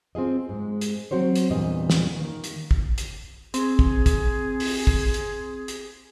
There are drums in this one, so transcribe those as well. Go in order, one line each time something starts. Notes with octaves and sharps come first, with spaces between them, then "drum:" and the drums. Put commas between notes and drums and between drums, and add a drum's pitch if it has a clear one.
C4 F4 G#4 D#5
G#2 G#3
drum: hi-hat
F#3 C4 F#4 C5 C#5
drum: hi-hat
E2 G2 A#2 G3 C4 D#5
drum: snare
D#3 A#3
drum: hi-hat
drum: kick
drum: hi-hat
C4 G#4, drum: hi-hat
drum: kick
drum: kick, hi-hat
drum: open hi-hat
drum: kick
drum: hi-hat
drum: hi-hat